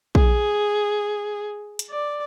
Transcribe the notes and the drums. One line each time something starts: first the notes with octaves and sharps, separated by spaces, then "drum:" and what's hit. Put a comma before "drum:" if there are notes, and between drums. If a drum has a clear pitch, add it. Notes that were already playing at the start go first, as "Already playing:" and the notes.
G#4, drum: kick A#1
drum: hi-hat
D5